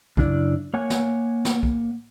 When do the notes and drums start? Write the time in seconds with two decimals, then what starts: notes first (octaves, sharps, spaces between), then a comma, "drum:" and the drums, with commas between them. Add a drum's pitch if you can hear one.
0.17 F#2 C#3 D4 E4 D5, drum: kick
0.74 A#3 C#5 F#5 G#5
0.90 drum: snare
1.45 drum: snare
1.63 drum: kick